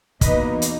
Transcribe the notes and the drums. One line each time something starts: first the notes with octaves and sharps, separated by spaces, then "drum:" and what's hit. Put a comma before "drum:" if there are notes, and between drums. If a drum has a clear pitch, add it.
E2 B2 A#3 D#4 B4 D#5, drum: kick, hi-hat
drum: hi-hat